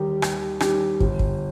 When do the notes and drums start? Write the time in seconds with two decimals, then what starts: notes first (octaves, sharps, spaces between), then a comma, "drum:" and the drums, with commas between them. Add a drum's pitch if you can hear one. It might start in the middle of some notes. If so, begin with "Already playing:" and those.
Already playing: D#2 D#3 G3 D#4 G4
0.22 D#2, drum: rim click
0.60 D#3 G3 D#4 G4, drum: rim click
1.00 G1, drum: kick
1.19 drum: kick